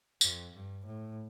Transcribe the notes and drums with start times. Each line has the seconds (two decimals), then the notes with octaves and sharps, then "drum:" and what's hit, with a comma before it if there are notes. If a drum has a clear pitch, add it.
0.21 F2, drum: tambourine
0.54 G2
0.85 A2